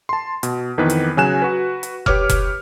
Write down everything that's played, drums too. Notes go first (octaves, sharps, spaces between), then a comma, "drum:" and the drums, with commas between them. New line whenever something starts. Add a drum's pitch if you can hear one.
A5 C6
B2, drum: hi-hat
F2 D#3 E3 B3 B4
drum: hi-hat
C#3 F#3 G#5 F#6 E7
F#4 B4
drum: hi-hat
G4 B4 C#5 D6 F6, drum: kick F1
drum: kick F1, hi-hat